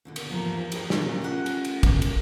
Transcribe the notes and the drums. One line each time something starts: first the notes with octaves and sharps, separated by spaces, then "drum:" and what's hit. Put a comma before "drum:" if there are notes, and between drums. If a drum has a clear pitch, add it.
D#2 B2 D3
drum: cymbal
E2 G#2 F3 A#3 C5 A#5
E2 E4 G#4 G5, drum: cymbal
drum: snare
A#2 C#3 A#3 G#4 A#4 D#5
A3 C#4 F4 F#4 F#5 G#5
drum: cymbal
drum: cymbal
drum: kick, cymbal
drum: cymbal